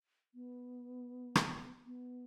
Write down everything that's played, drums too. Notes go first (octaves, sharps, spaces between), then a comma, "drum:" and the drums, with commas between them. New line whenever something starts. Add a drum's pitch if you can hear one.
B3
drum: rim click
B3